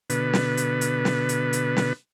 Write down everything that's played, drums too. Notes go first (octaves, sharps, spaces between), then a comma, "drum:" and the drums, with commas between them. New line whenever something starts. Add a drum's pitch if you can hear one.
B2 D3 B4, drum: hi-hat
drum: snare
drum: hi-hat
drum: hi-hat
drum: snare
drum: hi-hat
drum: hi-hat
drum: snare